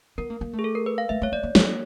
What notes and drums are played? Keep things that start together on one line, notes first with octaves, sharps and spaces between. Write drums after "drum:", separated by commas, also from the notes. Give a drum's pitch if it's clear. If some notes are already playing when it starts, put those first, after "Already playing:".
B3 A#4
A#3
A#3
A3
G#4
A4
A#4
B4
F5
A3 E5
A3 C#5
A#3 D5
A#3
A#3 C#5, drum: snare